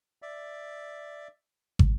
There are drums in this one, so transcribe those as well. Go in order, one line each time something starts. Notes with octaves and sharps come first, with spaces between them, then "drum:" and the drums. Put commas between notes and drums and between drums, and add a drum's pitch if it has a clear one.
D5 E5
drum: kick